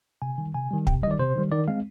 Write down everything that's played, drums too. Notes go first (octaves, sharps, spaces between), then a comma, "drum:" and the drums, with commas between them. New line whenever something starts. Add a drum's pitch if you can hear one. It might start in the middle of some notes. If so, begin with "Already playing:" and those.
C3 G#5
D#3 G3
C3 G#5
D#3 G3
C3 G5, drum: kick
G3 D#5
D#3 D5
C3 C5
D#3 G3
D#3 D5
G#3 C4 F5